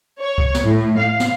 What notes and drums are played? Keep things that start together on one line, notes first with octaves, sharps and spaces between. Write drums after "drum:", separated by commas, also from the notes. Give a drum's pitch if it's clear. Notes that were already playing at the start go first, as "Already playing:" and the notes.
C#5
drum: kick C#2
drum: snare
A2
F5
drum: snare